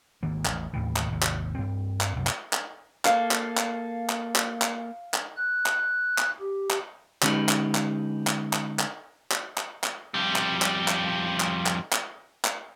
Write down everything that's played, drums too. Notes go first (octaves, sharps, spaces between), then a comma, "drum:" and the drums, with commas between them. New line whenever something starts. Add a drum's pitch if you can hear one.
G#1 D2 D#3 A#3
A1 E2, drum: clap
D#2 A2 D#3 E3
drum: clap
G#1 D#2
drum: clap
G2 C4
drum: clap
C2 F#2
drum: clap
drum: clap
A#3 A4 F5, drum: clap
drum: clap
drum: clap
drum: clap
drum: clap
drum: clap
drum: clap
F#6
drum: clap
drum: clap
G4
drum: clap
D3 G#3 C#4 D#4 G4 B4, drum: clap
drum: clap
drum: clap
drum: clap
drum: clap
drum: clap
drum: clap
drum: clap
drum: clap
F2 G3
drum: clap
drum: clap
drum: clap
drum: clap
drum: clap
drum: clap
drum: clap